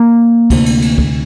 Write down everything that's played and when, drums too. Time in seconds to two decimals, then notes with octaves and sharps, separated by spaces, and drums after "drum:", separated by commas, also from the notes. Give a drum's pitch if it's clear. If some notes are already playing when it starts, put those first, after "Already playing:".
Already playing: A#3
0.50 D2 C3, drum: kick, cymbal
0.66 drum: cymbal
0.82 drum: cymbal
0.98 drum: kick